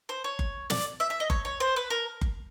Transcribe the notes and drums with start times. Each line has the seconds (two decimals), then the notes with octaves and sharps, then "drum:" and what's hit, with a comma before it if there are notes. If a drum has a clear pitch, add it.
0.09 C5
0.24 C#5
0.39 drum: kick F#1
0.70 D5, drum: snare
1.00 E5
1.10 E5
1.20 D#5
1.30 C#5, drum: kick F#1
1.45 C#5
1.60 C5
1.76 B4
1.90 A#4
2.21 drum: kick F#1